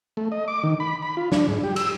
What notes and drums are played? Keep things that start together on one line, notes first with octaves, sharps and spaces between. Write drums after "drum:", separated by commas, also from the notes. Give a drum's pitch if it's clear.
A3
D#5
D6
D#3
B5
B5
F4
D4, drum: snare
G#2
G4
E6, drum: cymbal